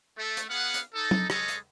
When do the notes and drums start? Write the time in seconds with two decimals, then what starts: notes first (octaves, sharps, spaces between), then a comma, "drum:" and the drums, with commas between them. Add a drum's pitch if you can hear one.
0.17 A3
0.37 drum: hi-hat
0.49 B3 G#4 F5 F#5
0.74 drum: hi-hat
0.94 D#4 A4
1.11 drum: tom F#3
1.30 G#3 G#4 A4 C#5 D#5, drum: rim click
1.48 drum: hi-hat